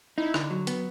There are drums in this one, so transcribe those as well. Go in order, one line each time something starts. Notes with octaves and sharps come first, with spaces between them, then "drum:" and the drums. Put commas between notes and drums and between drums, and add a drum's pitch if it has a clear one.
D#4 E4
D3, drum: rim click
F#3
B3, drum: hi-hat